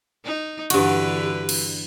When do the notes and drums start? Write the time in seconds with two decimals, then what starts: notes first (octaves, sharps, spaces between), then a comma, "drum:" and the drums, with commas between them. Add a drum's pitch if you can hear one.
0.25 D#4
0.70 G2 D3 E3 F#4 B4, drum: cymbal
1.49 drum: cymbal